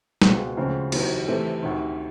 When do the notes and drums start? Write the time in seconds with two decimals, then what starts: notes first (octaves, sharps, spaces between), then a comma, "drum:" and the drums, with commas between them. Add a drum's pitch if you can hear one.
0.22 C#2 B2 G#3 C4, drum: snare
0.57 D2 C#3 F3 G#3 C4
0.92 E2 C3 D#3 F#3 B3, drum: cymbal
1.28 C3 E3 A3 C4
1.63 D2 C3 D#3